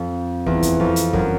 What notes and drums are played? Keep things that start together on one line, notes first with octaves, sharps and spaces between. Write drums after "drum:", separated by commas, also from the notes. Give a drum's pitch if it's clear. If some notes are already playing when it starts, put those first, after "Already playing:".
Already playing: F2
E2, drum: kick
drum: kick, hi-hat
F2
drum: hi-hat
F#2, drum: kick